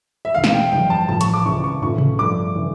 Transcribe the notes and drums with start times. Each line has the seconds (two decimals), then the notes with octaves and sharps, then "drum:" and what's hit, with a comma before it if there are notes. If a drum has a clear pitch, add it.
0.25 E5
0.34 E1 E2 D3 F5
0.44 drum: snare
0.54 G5
0.72 G1 F2 E3 G3 G5
0.90 A5
1.08 A1 A2 F3 A5
1.21 C#6, drum: hi-hat
1.34 D6
1.45 C#2 C#3 E3 C#6
1.64 C#6
1.82 A2 E3 A3 C#4 F4 C#6
1.98 drum: tom C3
2.18 G2 F3 A3 D6
2.56 C#3 E3